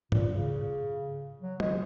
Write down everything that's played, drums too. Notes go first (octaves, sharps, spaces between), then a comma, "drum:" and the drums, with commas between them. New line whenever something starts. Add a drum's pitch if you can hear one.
A#2, drum: tom
C#3
F#3
G#3, drum: tom